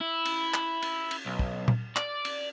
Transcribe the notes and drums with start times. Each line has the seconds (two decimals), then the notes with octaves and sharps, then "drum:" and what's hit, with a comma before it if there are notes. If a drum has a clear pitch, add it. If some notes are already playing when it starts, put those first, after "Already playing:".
0.01 E4
0.25 drum: cymbal
0.54 drum: clap
0.82 drum: cymbal
1.11 drum: cymbal
1.26 B1
1.39 drum: kick
1.68 drum: tom A#2
1.96 D5, drum: clap
2.25 drum: cymbal